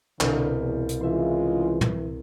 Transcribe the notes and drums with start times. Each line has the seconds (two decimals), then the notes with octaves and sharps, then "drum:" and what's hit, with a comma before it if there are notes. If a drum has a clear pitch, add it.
0.20 C2 B2 D3 F5, drum: clap
0.60 E2
0.89 drum: hi-hat
1.01 C#3 E3 G#3 F4 E5 C6
1.81 drum: tom